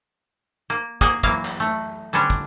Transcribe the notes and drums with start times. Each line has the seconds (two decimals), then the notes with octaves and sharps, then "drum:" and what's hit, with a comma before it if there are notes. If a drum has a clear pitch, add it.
0.70 A#3
1.01 A#3 G#4 D#5 F#5 G#5, drum: kick
1.23 E3 F#3 A#3 F5, drum: kick
1.45 drum: clap
1.60 A3
2.13 D3 G3 C#4 D4
2.30 drum: kick